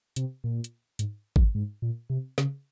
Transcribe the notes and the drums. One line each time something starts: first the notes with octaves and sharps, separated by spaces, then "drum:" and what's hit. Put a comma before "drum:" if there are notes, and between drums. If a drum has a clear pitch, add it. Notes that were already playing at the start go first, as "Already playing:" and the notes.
C3, drum: hi-hat
A#2
drum: hi-hat
G#2, drum: hi-hat
F#2, drum: kick G#1
G#2
A#2
C3
C#3, drum: snare